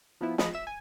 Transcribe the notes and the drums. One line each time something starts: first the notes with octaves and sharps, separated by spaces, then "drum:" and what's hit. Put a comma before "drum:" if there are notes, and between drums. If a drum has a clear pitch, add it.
F3 B3 E4
F3 G#3 D#5 B5, drum: snare
E5 E7
G#5